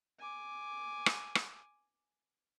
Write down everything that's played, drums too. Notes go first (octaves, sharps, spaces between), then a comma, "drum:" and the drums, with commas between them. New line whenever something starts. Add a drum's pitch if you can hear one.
G#5 D6
drum: rim click
drum: rim click